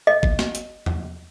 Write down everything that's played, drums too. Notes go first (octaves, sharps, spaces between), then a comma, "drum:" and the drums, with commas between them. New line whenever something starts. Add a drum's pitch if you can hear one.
D#5
drum: kick
drum: snare
drum: hi-hat
drum: tom